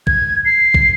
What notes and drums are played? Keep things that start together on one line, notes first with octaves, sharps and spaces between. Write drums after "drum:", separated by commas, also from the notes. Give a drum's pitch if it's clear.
G#6, drum: kick
C7
drum: kick